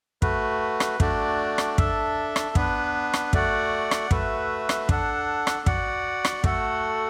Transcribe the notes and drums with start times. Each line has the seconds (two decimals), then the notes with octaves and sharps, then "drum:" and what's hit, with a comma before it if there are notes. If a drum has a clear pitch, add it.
0.22 A3 F#4 B4, drum: kick
0.80 drum: rim click
1.00 A3 D4 F#4 D5, drum: kick
1.58 drum: rim click
1.78 D4 A4 E5, drum: kick
2.36 drum: rim click
2.55 B3 D4 B4, drum: kick
3.14 drum: rim click
3.33 A3 F#4 D5 F#5, drum: kick
3.91 drum: rim click
4.11 A3 F#4 B4 E5, drum: kick
4.69 drum: rim click
4.89 D4 A4 F#5, drum: kick
5.47 drum: rim click
5.66 F#4 D5 F#5, drum: kick
6.25 drum: rim click
6.44 A3 F#4 A4 F#5, drum: kick